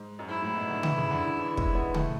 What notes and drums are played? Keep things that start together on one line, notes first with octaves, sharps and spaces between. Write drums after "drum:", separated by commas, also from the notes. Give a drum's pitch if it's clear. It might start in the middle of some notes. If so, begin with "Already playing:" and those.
Already playing: G#2
F#2
G#2 E4
A2
B2
D3
E3, drum: tom C#3
C#3
D3
E3
E3
G#3, drum: kick
B3
A3, drum: tom C#3